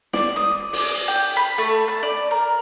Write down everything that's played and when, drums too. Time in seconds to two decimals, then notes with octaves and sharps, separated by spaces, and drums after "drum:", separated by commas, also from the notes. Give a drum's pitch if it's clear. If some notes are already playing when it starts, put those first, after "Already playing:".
0.13 D5, drum: snare
0.36 D#6
0.73 D5, drum: open hi-hat
1.08 G5
1.37 B5
1.58 A3
1.88 A5
2.03 D5
2.31 A#4